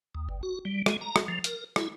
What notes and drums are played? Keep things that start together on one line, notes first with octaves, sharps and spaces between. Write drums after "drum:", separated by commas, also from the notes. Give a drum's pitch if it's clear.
D#2
G1
F#4
G3
G#3, drum: rim click
A#5
drum: rim click
F3
A#4, drum: hi-hat
E4, drum: rim click